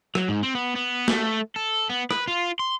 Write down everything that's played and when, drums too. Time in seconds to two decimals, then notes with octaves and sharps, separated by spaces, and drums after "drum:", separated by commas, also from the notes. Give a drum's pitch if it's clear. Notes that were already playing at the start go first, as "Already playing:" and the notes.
0.15 F#3, drum: rim click
0.28 G#2
0.43 C4
0.55 B3
0.75 B3
1.08 A3, drum: snare
1.56 A4
1.90 B3
2.11 B4, drum: rim click
2.28 F4
2.60 C6